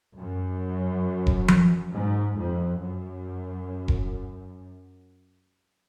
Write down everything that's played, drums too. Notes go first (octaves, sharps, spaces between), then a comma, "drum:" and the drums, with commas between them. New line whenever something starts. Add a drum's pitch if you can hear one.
F#2
drum: kick E1
drum: tom F3
G#2
F2
F#2
drum: kick E1